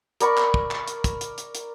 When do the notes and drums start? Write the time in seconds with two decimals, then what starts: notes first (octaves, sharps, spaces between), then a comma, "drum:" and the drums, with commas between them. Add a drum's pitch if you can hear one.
0.21 A#4 D5 B5 C#6, drum: hi-hat
0.37 drum: clap
0.54 drum: kick
0.71 drum: clap
0.88 drum: hi-hat
1.04 drum: kick, hi-hat
1.21 drum: hi-hat
1.38 drum: hi-hat
1.55 drum: hi-hat